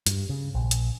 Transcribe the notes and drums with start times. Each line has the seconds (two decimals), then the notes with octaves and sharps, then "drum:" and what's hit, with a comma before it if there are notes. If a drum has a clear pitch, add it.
0.06 G2, drum: hi-hat
0.29 C#3
0.54 A#1
0.71 drum: hi-hat